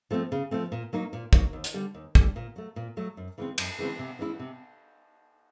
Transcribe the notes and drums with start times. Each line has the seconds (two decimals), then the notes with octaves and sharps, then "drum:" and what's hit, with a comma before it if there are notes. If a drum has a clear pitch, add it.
0.11 F3 A3 C4
0.32 C#3
0.51 F3 A3 C4
0.72 A#2
0.93 F#3 A#3 D#4
1.13 A#2
1.33 F#3 A#3 D#4, drum: kick
1.53 D#2
1.64 drum: hi-hat
1.74 D3 G3
1.94 D#2
2.15 D3 G3, drum: kick
2.36 A#2
2.56 F#3 A3
2.76 A#2
2.97 F#3 A3
3.17 F#2
3.38 C#3 E3 G#3 C4
3.58 F#2, drum: cymbal
3.78 C#3 E3 G#3 C4
3.99 C3
4.19 E3 G#3 C#4 E4
4.39 C3